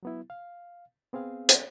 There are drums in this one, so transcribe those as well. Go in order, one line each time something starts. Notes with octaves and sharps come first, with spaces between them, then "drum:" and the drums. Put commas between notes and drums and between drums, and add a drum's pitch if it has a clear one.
F#3 B3 E4
F5
B3 C4 G#4 F5
drum: hi-hat